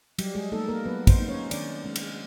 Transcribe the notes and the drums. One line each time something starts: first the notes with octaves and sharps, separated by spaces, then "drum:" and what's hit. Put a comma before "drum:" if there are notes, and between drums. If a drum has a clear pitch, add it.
F#3 G3 G4, drum: cymbal
G#3 G#4
A3 A#3 D#4 A4
A#3 A#4
F#3 B3 B4
C4 C5, drum: kick, cymbal
A#3 D#4
C#4 C#5
D#3 D4 D5, drum: cymbal
G#3 C#4
drum: cymbal